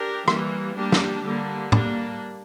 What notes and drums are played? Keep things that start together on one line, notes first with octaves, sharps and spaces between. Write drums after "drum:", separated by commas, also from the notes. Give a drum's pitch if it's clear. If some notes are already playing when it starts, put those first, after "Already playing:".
Already playing: D4 G4 A#4
E3 G3 A#3, drum: rim click
G3 A#3 D4 G4
drum: snare
D3 G3 A#3
G3 A#3 D4, drum: tom